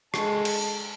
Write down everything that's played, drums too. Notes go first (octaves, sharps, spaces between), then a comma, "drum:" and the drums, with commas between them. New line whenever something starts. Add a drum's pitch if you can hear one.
G#3 A4, drum: rim click
drum: cymbal